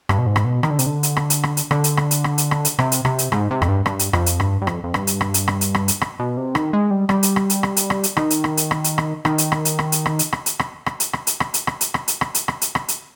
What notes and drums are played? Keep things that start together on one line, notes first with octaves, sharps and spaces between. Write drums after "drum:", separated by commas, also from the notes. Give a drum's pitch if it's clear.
G2, drum: rim click
B2
G#2
drum: rim click
B2
D#3, drum: rim click
D3
C3, drum: hi-hat
D3
drum: hi-hat
drum: rim click
drum: hi-hat
drum: rim click
drum: hi-hat
D3, drum: rim click
drum: hi-hat
drum: rim click
drum: hi-hat
drum: rim click
drum: hi-hat
drum: rim click
drum: hi-hat
C3, drum: rim click
drum: hi-hat
C3, drum: rim click
drum: hi-hat
G#2, drum: rim click
C3
F2, drum: rim click
G2
G2, drum: rim click
drum: hi-hat
F2, drum: rim click
drum: hi-hat
G2, drum: rim click
G2
F2, drum: rim click
F2
G2, drum: rim click
drum: hi-hat
drum: rim click
drum: hi-hat
drum: rim click
drum: hi-hat
drum: rim click
drum: hi-hat
drum: rim click
B2
C3
D#3, drum: rim click
G#3
G3
G3, drum: rim click
drum: hi-hat
drum: rim click
drum: hi-hat
drum: rim click
drum: hi-hat
drum: rim click
drum: hi-hat
D#3, drum: rim click
drum: hi-hat
drum: rim click
drum: hi-hat
drum: rim click
drum: hi-hat
drum: rim click
D#3, drum: rim click
drum: hi-hat
drum: rim click
drum: hi-hat
drum: rim click
drum: hi-hat
drum: rim click
drum: hi-hat
drum: rim click
drum: hi-hat
drum: rim click
drum: rim click
drum: hi-hat
drum: rim click
drum: hi-hat
drum: rim click
drum: hi-hat
drum: rim click
drum: hi-hat
drum: rim click
drum: hi-hat
drum: rim click
drum: hi-hat
drum: rim click
drum: hi-hat
drum: rim click
drum: hi-hat